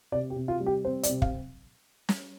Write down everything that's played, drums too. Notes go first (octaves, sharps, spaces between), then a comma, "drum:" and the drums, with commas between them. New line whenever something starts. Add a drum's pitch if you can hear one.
C3 D5
G4
C3
F4
G3
G4
C4 C5
D5, drum: hi-hat
C3
F5, drum: kick
drum: snare